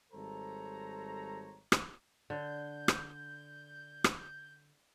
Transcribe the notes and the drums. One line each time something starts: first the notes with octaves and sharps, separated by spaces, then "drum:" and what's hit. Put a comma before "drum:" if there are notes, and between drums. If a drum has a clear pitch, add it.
G#1 G3 A4 C5 C#5 A#5
drum: rim click
D3 G6
drum: rim click
drum: rim click